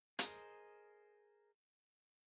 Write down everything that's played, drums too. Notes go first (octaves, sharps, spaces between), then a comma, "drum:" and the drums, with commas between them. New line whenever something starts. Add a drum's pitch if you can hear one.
G#4 A#4 C5 D#5, drum: hi-hat